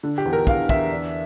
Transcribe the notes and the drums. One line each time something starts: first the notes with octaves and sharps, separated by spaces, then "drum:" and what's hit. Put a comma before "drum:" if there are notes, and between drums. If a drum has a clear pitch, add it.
D3
G4
E2
A#4
E2 F5, drum: kick
E2 E5, drum: kick
D4